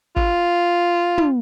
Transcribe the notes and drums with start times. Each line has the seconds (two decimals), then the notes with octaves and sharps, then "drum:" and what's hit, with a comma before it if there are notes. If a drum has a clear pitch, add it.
0.16 F4, drum: kick
1.18 drum: tom